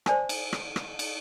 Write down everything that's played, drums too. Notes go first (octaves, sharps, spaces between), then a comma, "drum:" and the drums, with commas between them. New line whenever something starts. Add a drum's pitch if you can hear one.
C5 D5 G#5 A5, drum: rim click
drum: cymbal
drum: rim click
drum: rim click
drum: cymbal